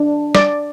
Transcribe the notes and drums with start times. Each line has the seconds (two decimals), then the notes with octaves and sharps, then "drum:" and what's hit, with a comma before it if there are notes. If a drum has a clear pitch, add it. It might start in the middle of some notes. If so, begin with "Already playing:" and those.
Already playing: D4
0.35 D5, drum: snare